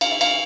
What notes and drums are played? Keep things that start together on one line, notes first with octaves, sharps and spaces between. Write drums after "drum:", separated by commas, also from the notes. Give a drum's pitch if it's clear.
F5, drum: cymbal
E5
F5, drum: cymbal